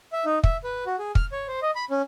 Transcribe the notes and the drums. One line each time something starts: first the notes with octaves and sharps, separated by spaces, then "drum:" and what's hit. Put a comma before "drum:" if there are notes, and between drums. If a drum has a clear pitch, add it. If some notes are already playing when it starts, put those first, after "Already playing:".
E5
D#4
E5, drum: kick
B4
F#4
G#4
F6, drum: kick
C#5
C5
D#5
B5
C#4